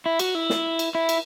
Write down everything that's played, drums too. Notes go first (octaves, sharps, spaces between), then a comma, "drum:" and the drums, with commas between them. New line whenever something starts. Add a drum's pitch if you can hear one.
E4
F#4, drum: cymbal
E4
drum: snare
drum: cymbal
E4
drum: cymbal